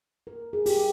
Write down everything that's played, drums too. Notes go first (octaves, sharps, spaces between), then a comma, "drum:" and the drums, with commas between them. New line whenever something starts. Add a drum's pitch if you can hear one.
A#4
G#4
G4, drum: open hi-hat